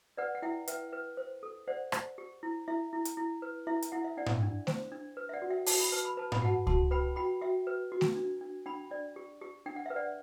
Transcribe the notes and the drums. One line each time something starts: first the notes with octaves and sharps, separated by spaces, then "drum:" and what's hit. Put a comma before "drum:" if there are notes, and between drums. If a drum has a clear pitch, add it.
B4 D5 F#5
F#5
E4 E5 G5
B4 E5 G5, drum: hi-hat
B4
C5
A4
C5 D5 F#5
C5, drum: rim click
G4
E4
E4 E5
E4
drum: hi-hat
E4
B4
E4 E5
drum: hi-hat
E4 F#5
E5
D4 D5 F#5
drum: tom G#2
D4
C5, drum: snare A3
D4
B4
E5
D5 F#5
F#4
E5 G5
F#4 A5, drum: open hi-hat
B5
B4 A5
B5
B4 A5
B5, drum: tom G#2
F#4 F#5 A5
F#4 A5 C6, drum: kick C#2
B4 G5 B5
F#4 G5 B5
F#4 E5 G5
B4
F#4
drum: snare A3
D4
D4
D4 G5 B5
D4 D5
G4
G4
D4 G5
F#5
B4 E5
D5 F#5